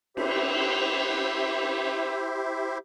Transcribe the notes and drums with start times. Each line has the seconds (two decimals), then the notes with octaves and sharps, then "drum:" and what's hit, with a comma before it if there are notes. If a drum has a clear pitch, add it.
0.17 E4 G4 C5 E5, drum: cymbal